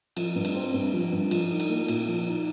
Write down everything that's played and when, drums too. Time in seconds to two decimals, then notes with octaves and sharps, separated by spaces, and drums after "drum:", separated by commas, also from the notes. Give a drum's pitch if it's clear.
0.17 F3, drum: cymbal
0.35 G2
0.45 drum: cymbal
0.54 C4
0.74 G2
0.93 F3
1.12 G2
1.31 F3, drum: cymbal
1.51 D#4
1.60 drum: cymbal
1.69 A#3
1.88 A#2, drum: cymbal
2.08 F3
2.27 D#4